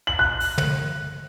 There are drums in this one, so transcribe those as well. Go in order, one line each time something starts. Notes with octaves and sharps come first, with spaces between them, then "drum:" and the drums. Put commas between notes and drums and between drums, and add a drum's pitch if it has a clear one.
F#7
F#6
drum: open hi-hat
drum: tom